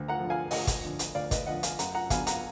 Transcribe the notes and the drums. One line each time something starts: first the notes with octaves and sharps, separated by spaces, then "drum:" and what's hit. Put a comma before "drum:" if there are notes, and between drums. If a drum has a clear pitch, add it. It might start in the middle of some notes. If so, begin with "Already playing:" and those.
Already playing: D2
F#5 A#5
D3 F3
F5 G#5
D2 D#5 F#5, drum: open hi-hat
drum: kick, hi-hat
D3 F3
drum: hi-hat
D2 D5 F5
B4 D#5, drum: kick, hi-hat
D3 F3 D#5 F#5
F5 G#5, drum: hi-hat
F#2 F#5 A#5, drum: hi-hat
F#5 A#5
D3 F#3 B3 F5 G#5, drum: kick, hi-hat
F#5 A#5, drum: hi-hat